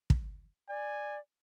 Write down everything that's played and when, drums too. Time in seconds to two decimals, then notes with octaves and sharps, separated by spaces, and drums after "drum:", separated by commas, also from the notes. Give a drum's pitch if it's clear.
0.10 drum: kick
0.69 D5 G#5